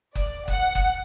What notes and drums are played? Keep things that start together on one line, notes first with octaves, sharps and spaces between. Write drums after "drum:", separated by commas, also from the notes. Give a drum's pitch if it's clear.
D5, drum: kick F#1
F#5, drum: kick F#1
drum: kick F#1